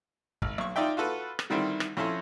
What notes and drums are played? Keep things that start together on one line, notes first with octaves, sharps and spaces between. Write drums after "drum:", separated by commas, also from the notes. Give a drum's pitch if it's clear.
G#1, drum: kick
B1 C#6
D#4 F4 D5 E5 G5
F4 F#4 A4 B4
drum: rim click
D3 D#3 G3 C4 E4
drum: rim click
F2 C#4 E4 A4 C6